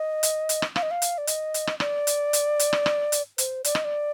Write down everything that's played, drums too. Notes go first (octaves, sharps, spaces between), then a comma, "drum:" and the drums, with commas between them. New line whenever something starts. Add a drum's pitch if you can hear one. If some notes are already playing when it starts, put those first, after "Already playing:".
Already playing: D#5
drum: hi-hat
drum: hi-hat
drum: rim click
F5, drum: rim click
D#5
F5
drum: hi-hat
D5
D#5, drum: hi-hat
drum: hi-hat
drum: rim click
D5, drum: rim click
drum: hi-hat
drum: hi-hat
drum: hi-hat
drum: rim click
drum: rim click
drum: hi-hat
C5, drum: hi-hat
D5, drum: hi-hat
D#5, drum: rim click
D5